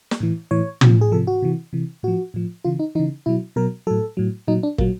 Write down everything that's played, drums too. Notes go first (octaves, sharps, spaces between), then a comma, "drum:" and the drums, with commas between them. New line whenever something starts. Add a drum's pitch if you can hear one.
drum: snare
A2 E3
A2 E3 C#5
C3, drum: tom
F3
G#4
C3 F3 A4
F#4
C3 E3
C3 E3
A2 F3 F#4
A2 F3
C#3 E3 F4
D#4
C#3 E3 D#4
B2 F#3 E4
B2 F#3 A#4
A2 F#3 A4
A2 F#3
A#2 F#3 D#4
D4
A#2 F#3 A#3, drum: kick